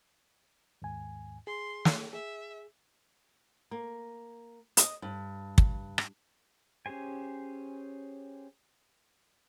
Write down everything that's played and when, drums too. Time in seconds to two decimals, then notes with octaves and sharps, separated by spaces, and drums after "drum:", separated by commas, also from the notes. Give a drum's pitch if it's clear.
0.82 D#2 G#2 G#5
1.47 G#4 C6
1.85 drum: snare
2.13 G#4 E5
3.71 A#3
4.77 D#5, drum: hi-hat
5.02 G2
5.58 drum: kick
5.98 drum: rim click
6.86 C#4 G4 G#4 C5 G#5